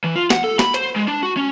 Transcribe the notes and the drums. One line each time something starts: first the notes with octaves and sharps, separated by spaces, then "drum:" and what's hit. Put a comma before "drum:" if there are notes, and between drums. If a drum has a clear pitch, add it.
E3
F4
F#5, drum: snare
A4
B5, drum: snare
C5, drum: hi-hat
G#3
D4
F#4
C#4